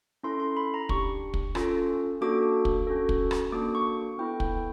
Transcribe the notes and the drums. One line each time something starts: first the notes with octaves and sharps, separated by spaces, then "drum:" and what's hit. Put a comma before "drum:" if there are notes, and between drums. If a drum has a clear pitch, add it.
C#4 E4 A4 C6
C6
B5
A#5
D4 G4 C#6, drum: kick
drum: kick
C#4 F4 A4, drum: rim click
A#3 D4 F#4 A4 D6
drum: kick
C#4 F#4 A4
drum: kick
drum: rim click
A#3 D4 F#4 A4 D6
C#6
B3 E4 A4 G5
G5, drum: kick